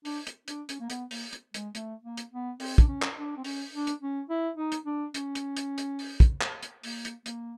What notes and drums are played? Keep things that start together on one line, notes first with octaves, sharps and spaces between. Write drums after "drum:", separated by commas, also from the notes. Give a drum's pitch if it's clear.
D4, drum: open hi-hat
drum: hi-hat
D4, drum: hi-hat
C#4, drum: hi-hat
A#3
B3, drum: hi-hat
A#3, drum: open hi-hat
drum: hi-hat
G#3, drum: hi-hat
A3, drum: hi-hat
A#3
drum: hi-hat
B3
C4, drum: open hi-hat
D4, drum: kick, hi-hat
C#4
drum: clap
D4
C4
C#4, drum: open hi-hat
D4
drum: hi-hat
C#4
E4
D#4
drum: hi-hat
D4
C#4, drum: hi-hat
drum: hi-hat
drum: hi-hat
drum: hi-hat
drum: open hi-hat
drum: kick, hi-hat
drum: clap
drum: hi-hat
A#3, drum: open hi-hat
drum: hi-hat
A#3, drum: hi-hat